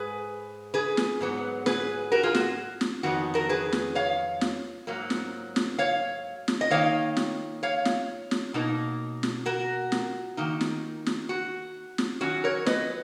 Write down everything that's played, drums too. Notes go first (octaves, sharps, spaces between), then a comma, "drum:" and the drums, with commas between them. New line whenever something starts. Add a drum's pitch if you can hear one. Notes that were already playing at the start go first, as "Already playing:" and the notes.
Already playing: G#2 G#4 B4
G#4 B4
drum: snare
G#2 F#3 B3
G#4 B4, drum: snare
F#4 A#4
F4 G#4
F#4, drum: snare
drum: snare
F2 D#3 F#3 B3 F#4
F#4 A#4
G#4 B4
drum: snare
C#5 F5
drum: snare
G#2 F#3 A#3
drum: snare
drum: snare
C#5 F5
drum: snare
D#5
D#3 A#3 D#4 C#5 F5
drum: snare
C#5 F5
drum: snare
drum: snare
B2 A#3 D#4
drum: snare
F#4 A#4
drum: snare
D#3 A#3 D#4
drum: snare
drum: snare
F#4
drum: snare
D#3 F#3 C#4 F#4
A#4 C#5
B4 D#5, drum: snare